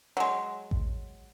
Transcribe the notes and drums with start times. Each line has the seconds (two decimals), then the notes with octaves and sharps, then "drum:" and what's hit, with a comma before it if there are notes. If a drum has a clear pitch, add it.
0.17 F#3 G#3
0.71 drum: kick A1